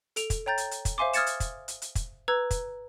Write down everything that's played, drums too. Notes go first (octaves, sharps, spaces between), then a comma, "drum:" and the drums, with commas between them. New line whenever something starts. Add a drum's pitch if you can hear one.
A4 D7 F7, drum: hi-hat
drum: kick, hi-hat
C#5 G5 A#5 G6 A6
drum: hi-hat
drum: hi-hat
drum: kick, hi-hat
C5 E5 F5 G#5 C6 D6
D#6 F6 G#6 A6 C#7 E7, drum: hi-hat
drum: hi-hat
drum: kick, hi-hat
drum: hi-hat
drum: hi-hat
drum: kick, hi-hat
B4 A#5 E6 G#6
drum: kick, hi-hat